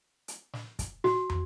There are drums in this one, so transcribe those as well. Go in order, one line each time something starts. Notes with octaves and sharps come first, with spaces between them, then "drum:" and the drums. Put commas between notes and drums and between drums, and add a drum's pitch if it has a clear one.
drum: hi-hat
drum: snare
drum: kick, hi-hat
F#4, drum: snare
drum: tom